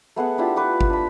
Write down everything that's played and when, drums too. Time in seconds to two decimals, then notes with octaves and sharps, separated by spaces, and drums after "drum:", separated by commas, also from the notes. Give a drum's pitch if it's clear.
0.16 A3 B3 G#4 F#5
0.38 D4 E4 F4 G4
0.56 B4 C#6 D6
0.81 drum: kick G#1
0.90 D4 B5